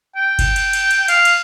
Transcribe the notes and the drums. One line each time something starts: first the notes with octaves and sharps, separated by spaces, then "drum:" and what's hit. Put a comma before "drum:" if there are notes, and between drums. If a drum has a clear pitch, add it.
G5
drum: kick G1, cymbal
drum: cymbal
drum: cymbal
drum: cymbal
F5, drum: cymbal
drum: cymbal